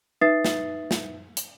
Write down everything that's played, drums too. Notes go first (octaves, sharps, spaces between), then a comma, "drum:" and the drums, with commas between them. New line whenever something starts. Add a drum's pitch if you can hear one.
D#4 B4 E5 D#6 A6 C7
drum: snare
drum: snare
drum: hi-hat